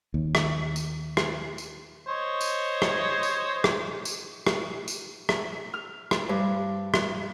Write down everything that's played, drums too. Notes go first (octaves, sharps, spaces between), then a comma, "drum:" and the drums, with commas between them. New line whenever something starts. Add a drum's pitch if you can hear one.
D#2
drum: rim click
drum: tambourine
drum: rim click
drum: tambourine
C5 C#5 D#5
drum: tambourine
drum: rim click
drum: tambourine
drum: rim click
drum: tambourine
drum: rim click
drum: tambourine
drum: rim click
F6
drum: rim click
G2
drum: rim click